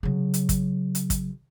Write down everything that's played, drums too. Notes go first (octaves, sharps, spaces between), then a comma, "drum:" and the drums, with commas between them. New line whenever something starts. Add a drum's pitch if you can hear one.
C#3 F#3
drum: hi-hat
drum: kick, hi-hat
drum: hi-hat
drum: kick, hi-hat